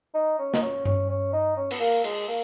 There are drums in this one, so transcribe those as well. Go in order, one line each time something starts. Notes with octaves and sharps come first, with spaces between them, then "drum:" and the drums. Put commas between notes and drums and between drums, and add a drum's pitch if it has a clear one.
D#4
C#4
D#4, drum: snare
C#4
C#4, drum: tom G2
C#4
D#4
C#4
B3, drum: cymbal
A#3
G#3, drum: cymbal
A#3